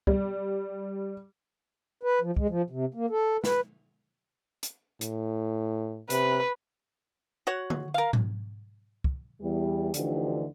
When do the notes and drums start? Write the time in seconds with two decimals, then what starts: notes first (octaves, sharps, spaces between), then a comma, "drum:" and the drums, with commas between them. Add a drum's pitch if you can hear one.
0.07 G3, drum: kick
2.03 B4
2.21 F3
2.37 G#3, drum: kick
2.50 F3
2.70 C3
2.94 A#3
3.10 A4
3.44 B4, drum: snare
4.63 drum: hi-hat
5.01 A2, drum: hi-hat
6.10 C3 B4, drum: hi-hat
7.47 F#4 C#5 F#5
7.70 drum: tom D3
7.94 A#4 F5
8.13 drum: tom G#2
9.04 drum: kick
9.41 E2 G3
9.94 D2 D3 E3 F3 D#4 G4, drum: hi-hat